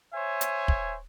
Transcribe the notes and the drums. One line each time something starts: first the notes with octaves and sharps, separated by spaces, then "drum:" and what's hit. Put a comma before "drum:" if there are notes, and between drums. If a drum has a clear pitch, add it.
C5 C#5 E5 G#5
drum: hi-hat
drum: kick